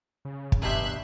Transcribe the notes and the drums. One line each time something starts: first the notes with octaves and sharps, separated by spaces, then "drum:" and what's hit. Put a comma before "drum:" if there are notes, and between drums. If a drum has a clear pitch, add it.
C#3
drum: kick
E2 G2 B2 G4 E5 C6 F#6